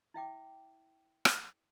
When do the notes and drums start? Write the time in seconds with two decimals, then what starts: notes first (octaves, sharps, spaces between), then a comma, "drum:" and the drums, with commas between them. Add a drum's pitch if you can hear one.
0.14 E4 E5 G5 D6
1.25 drum: rim click